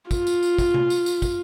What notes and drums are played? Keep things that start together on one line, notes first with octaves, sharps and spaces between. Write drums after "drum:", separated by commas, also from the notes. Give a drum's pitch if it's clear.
F4, drum: kick, tambourine
drum: tambourine
drum: tambourine
drum: kick, tambourine
drum: tom C3
drum: tambourine
drum: tambourine
drum: kick, tambourine